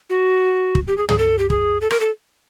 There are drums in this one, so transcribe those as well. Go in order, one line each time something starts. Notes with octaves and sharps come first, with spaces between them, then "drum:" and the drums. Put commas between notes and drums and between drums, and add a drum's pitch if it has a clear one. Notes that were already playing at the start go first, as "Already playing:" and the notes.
F#4
drum: kick
G4
G#4
G#4, drum: tom
A4
G4
G#4, drum: kick
A4
A#4, drum: rim click
A4